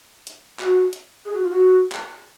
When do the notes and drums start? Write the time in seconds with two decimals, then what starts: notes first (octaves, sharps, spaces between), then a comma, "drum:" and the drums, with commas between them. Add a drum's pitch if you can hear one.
0.27 drum: hi-hat
0.60 F#4, drum: clap
0.93 drum: hi-hat
1.25 G#4
1.34 F#4
1.43 F4
1.50 F#4
1.92 drum: clap